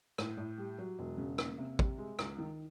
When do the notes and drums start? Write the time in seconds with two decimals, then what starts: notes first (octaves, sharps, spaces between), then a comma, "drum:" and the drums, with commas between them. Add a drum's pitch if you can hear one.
0.18 A2, drum: rim click
0.37 A2
0.58 G3
0.78 F#3
0.99 E1
1.18 C#3
1.38 A#3, drum: rim click
1.58 C3
1.79 G3, drum: kick
1.98 G#3
2.19 C#2, drum: rim click
2.38 D#3